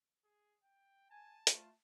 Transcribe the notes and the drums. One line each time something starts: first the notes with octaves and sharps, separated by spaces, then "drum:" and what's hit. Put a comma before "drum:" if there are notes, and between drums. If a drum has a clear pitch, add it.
G#4
G5
G#5 A5
A3 F4, drum: hi-hat